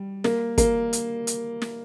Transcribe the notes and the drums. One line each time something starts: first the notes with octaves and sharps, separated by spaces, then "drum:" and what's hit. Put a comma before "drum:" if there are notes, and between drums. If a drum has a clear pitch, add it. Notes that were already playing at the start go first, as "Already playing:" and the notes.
Already playing: G3
A#3, drum: snare
A#3, drum: kick, hi-hat
drum: hi-hat
drum: hi-hat
drum: snare